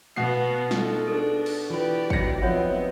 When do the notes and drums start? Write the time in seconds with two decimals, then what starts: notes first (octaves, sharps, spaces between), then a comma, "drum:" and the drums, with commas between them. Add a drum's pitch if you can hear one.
0.16 B2 B3 F#4 F5 C7
0.71 D#4 F4 A4 F5, drum: snare
1.08 D4 G#4 A4
1.46 drum: cymbal
1.70 E3 F4 G4 B4 D5
2.10 F#3 D#4 A#6 C#7, drum: kick
2.42 F3 B3 C4 D#4 F4 C#5 E5 F#5